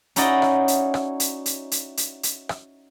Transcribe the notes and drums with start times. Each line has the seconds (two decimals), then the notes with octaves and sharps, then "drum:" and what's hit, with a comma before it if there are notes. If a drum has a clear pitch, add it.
0.16 C#4 D#4 E4 F#4 D5 D#5, drum: hi-hat
0.42 drum: rim click
0.68 drum: hi-hat
0.94 drum: rim click
1.20 drum: hi-hat
1.46 drum: hi-hat
1.71 drum: hi-hat
1.97 drum: hi-hat
2.23 drum: hi-hat
2.49 drum: rim click